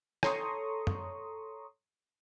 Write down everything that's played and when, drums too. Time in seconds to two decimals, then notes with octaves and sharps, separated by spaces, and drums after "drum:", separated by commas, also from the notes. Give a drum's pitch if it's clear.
0.23 A4 C#5 A#5 C6 C#6 D#6, drum: rim click
0.87 drum: tom F#2